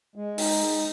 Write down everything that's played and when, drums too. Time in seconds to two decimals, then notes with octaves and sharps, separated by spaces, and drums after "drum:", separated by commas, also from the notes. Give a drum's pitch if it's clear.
0.16 G#3
0.38 D#4, drum: open hi-hat